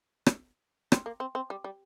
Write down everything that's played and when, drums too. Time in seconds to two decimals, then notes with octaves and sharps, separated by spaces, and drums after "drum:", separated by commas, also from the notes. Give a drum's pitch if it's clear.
0.26 drum: rim click
0.92 C4, drum: rim click
1.06 A#3
1.20 C4
1.35 C4
1.50 G3
1.64 G3